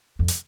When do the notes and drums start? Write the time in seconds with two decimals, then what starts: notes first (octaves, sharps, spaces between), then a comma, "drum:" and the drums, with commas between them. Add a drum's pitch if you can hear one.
0.19 F2
0.28 drum: hi-hat